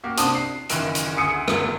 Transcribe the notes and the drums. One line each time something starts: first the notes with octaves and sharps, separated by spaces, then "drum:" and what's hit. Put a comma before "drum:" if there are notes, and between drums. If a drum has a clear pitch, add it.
A#3 F#4 G4
C3 D4 C5 A5 D#6, drum: hi-hat
C7
F#1 D#3 E3 A#4 D7 E7, drum: hi-hat
drum: hi-hat
D2 G#4 D#6 E6 C#7 D#7
G1, drum: rim click